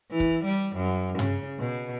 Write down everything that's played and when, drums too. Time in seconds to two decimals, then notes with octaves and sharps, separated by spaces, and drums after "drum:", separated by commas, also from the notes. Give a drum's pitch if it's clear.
0.11 E3
0.20 drum: kick
0.44 G3
0.76 F#2
1.19 C#3, drum: tom G2
1.59 B2